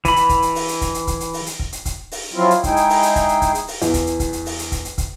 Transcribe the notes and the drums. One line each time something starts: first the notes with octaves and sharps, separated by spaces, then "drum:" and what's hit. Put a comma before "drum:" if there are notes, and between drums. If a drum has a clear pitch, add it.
E3 B5, drum: kick, hi-hat
drum: hi-hat
drum: kick, hi-hat
drum: hi-hat
drum: open hi-hat
drum: hi-hat
drum: kick, hi-hat
drum: hi-hat
drum: kick, hi-hat
drum: hi-hat
drum: open hi-hat
drum: hi-hat
drum: kick
drum: hi-hat
drum: kick, hi-hat
drum: open hi-hat
F3 F#3 C4 E4 F4
drum: hi-hat
G#3 D#4 E4 G#4 G5, drum: kick, hi-hat
drum: hi-hat
drum: open hi-hat
drum: hi-hat
drum: kick, hi-hat
drum: hi-hat
drum: kick, hi-hat
drum: hi-hat
drum: open hi-hat
E2, drum: hi-hat
drum: kick, hi-hat
drum: hi-hat
drum: kick, hi-hat
drum: hi-hat
drum: open hi-hat
drum: hi-hat
drum: kick, hi-hat
drum: hi-hat
drum: kick, hi-hat